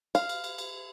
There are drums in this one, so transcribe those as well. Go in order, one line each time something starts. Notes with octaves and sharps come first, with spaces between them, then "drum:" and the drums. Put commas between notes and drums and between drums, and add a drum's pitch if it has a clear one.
F5, drum: cymbal
drum: cymbal
drum: cymbal
drum: cymbal